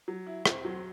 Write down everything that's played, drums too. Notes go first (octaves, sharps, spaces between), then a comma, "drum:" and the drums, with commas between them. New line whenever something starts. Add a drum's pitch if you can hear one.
F#3
E4
C4, drum: rim click
F#3